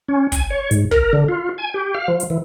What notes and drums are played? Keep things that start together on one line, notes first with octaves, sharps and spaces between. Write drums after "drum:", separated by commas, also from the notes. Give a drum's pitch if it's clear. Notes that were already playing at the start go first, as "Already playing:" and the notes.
C#4
G#5, drum: kick, hi-hat
C#5
G#2, drum: hi-hat
A#4, drum: kick
D3
F4
G#5
G4
F5
F3
drum: hi-hat
E3